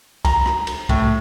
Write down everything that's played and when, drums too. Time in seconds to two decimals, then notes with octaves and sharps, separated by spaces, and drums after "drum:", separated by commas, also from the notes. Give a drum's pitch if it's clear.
0.25 A#5, drum: kick C2, cymbal
0.46 drum: rim click
0.67 drum: cymbal
0.89 A2, drum: kick C2, cymbal